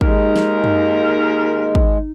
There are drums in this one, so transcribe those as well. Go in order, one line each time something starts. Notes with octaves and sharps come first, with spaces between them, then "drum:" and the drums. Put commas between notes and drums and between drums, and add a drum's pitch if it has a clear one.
D#2 G#3 D#4 A#4, drum: kick
drum: snare
drum: tom F#2
drum: kick